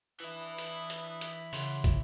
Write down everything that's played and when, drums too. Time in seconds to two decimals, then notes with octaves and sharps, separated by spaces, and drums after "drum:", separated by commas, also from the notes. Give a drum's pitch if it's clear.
0.20 E3 D4 E4 B4 D#6
0.58 drum: hi-hat
0.90 drum: hi-hat
1.21 drum: hi-hat
1.53 C#3 C#4 F#5 C6, drum: open hi-hat
1.84 drum: kick, hi-hat